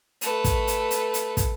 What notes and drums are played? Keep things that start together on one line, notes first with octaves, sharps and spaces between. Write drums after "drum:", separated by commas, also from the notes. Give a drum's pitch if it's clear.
A3 B4, drum: hi-hat
drum: kick, hi-hat
drum: hi-hat
drum: hi-hat
drum: hi-hat
drum: kick, hi-hat